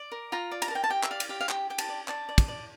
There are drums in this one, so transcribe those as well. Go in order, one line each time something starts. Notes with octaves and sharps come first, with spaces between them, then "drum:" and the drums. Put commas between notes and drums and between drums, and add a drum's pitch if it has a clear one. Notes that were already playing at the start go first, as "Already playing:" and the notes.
Already playing: D5
A#4
F4 A#5
D5
A#5, drum: cymbal
A5
A#4 G5
A5
G4 G5
E5, drum: clap
D5 F5
drum: cymbal
G4 F5
F5
G4 G5, drum: clap
G4 G5
A5, drum: cymbal
D5
D5 A5, drum: clap
D5
drum: kick, cymbal
D5